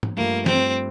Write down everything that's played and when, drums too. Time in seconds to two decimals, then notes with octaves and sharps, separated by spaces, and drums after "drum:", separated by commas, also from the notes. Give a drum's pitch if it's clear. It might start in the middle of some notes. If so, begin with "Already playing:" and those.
0.03 drum: tom G#2
0.17 G2 F3 A3 A#3
0.46 C4, drum: snare